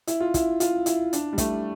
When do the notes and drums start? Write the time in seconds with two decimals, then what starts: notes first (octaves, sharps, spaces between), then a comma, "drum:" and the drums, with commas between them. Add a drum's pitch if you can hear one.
0.07 E4, drum: hi-hat
0.20 F4
0.34 E4, drum: kick, hi-hat
0.60 F4, drum: hi-hat
0.86 E4, drum: hi-hat
1.13 D4, drum: hi-hat
1.33 G3
1.38 A3, drum: kick, hi-hat